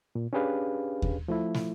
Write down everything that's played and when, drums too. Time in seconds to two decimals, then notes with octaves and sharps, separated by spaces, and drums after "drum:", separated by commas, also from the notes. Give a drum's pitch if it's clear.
0.15 A#2
0.33 C#4 D4 G4 G#4 B4 F5
1.02 drum: kick D#2
1.28 F3 A3 E4
1.54 drum: snare